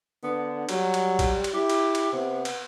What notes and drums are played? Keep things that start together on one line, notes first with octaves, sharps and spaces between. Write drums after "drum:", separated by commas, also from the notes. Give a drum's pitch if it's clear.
D3 B3
F#3 G3, drum: cymbal
drum: cymbal
drum: kick, cymbal
drum: cymbal
E4 G4
drum: cymbal
drum: cymbal
C3 B3
drum: cymbal